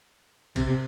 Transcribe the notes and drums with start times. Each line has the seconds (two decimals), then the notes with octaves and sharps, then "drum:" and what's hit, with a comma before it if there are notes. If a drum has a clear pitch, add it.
0.56 C3, drum: kick, cymbal